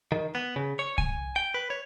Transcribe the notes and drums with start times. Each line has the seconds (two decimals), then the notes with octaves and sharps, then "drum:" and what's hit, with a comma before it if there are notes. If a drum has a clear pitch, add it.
0.12 D#3
0.35 B3
0.56 C#3
0.79 C#5
0.98 G#5, drum: kick C2
1.36 G5
1.54 B4
1.70 C#5